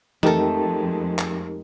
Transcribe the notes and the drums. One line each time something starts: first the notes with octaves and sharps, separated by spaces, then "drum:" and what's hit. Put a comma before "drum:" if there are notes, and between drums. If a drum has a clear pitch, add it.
F2 G#3 A3 D#4 G4 A4 A#4, drum: tom E3
drum: clap